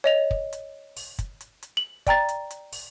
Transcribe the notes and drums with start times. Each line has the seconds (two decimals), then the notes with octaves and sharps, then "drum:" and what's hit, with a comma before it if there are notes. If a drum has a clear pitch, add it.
0.04 C#5 D#5 F7
0.31 drum: kick
0.53 drum: hi-hat
0.97 drum: open hi-hat
1.19 drum: kick, hi-hat
1.41 drum: hi-hat
1.63 drum: hi-hat
1.77 F#7
2.07 D5 G5 A#5 A6, drum: kick, hi-hat
2.29 drum: hi-hat
2.51 drum: hi-hat
2.73 drum: open hi-hat